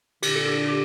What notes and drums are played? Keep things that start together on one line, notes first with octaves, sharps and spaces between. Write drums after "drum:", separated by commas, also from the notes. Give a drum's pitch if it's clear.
A#2 D3 G4, drum: cymbal
A4
G4
G4